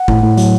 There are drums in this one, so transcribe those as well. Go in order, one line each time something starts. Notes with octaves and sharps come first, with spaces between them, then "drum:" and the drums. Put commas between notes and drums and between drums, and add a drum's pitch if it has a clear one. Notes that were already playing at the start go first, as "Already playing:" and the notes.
Already playing: F#5
A2, drum: kick
A2
F#3, drum: hi-hat